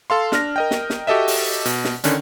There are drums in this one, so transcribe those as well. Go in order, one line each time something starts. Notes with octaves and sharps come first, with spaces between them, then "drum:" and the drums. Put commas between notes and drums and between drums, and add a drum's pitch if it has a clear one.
A4 F5 C6
D4 F6 A#6, drum: snare
A#4 D#5 G5
drum: snare
drum: snare
F#4 G4 A4 D#5 E5
drum: open hi-hat
B2, drum: hi-hat
drum: snare
D3 D#3 C#4 D4, drum: hi-hat